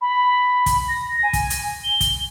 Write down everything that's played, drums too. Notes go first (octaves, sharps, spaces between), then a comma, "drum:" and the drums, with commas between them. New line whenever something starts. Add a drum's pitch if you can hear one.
B5
drum: kick, hi-hat
A#6
G#5
drum: kick, hi-hat
drum: hi-hat
G7
drum: kick, hi-hat